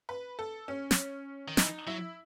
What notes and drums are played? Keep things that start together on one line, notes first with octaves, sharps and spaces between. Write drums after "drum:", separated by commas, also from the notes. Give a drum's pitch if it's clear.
B4
A4
C#4
drum: snare
D#3
E3 D#4, drum: snare
F#3 E4